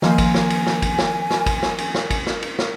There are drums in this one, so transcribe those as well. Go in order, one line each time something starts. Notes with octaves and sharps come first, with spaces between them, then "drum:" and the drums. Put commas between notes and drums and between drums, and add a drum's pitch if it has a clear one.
D#3 F3 A#3 G#5, drum: snare
drum: kick, cymbal
drum: snare
drum: cymbal
drum: snare
drum: kick, cymbal
drum: snare
drum: snare
drum: kick, cymbal
drum: snare
drum: cymbal
drum: snare
drum: kick, cymbal
drum: snare
drum: cymbal
drum: snare